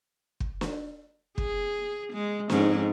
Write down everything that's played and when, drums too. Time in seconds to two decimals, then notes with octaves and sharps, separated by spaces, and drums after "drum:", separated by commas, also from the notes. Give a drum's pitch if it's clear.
0.40 drum: kick
0.61 drum: snare
1.38 G#4, drum: kick
2.13 G#3
2.50 F2 G#2 C#4, drum: snare